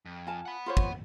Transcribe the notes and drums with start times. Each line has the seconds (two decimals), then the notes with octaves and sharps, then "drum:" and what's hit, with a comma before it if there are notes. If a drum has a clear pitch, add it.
0.05 F2
0.27 F4 G#5 A5
0.46 F#5 B5
0.66 F4 C5 C#5
0.77 drum: kick